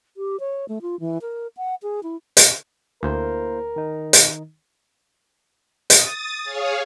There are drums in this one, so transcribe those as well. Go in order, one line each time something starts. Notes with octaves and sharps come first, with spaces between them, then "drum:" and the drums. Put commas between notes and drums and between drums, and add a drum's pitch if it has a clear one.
G4
C#5
A3
F4
E3
A#4
F#5
G#4
E4
drum: hi-hat
D2 A#3 E4 A#4 C5
D#3 D#4
drum: hi-hat
D#6 A6, drum: hi-hat
G#4 C#5 F5